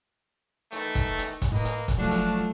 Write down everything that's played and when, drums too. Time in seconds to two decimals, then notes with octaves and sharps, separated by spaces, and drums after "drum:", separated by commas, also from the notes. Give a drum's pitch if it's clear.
0.72 D#3 E3 A3, drum: hi-hat
0.95 drum: kick, hi-hat
1.18 drum: hi-hat
1.42 drum: kick, hi-hat
1.52 A2 A#3 B4 D#5
1.65 drum: hi-hat
1.88 drum: kick, hi-hat
1.97 F1 F3 F#3 A3 D4 F#4
2.11 drum: hi-hat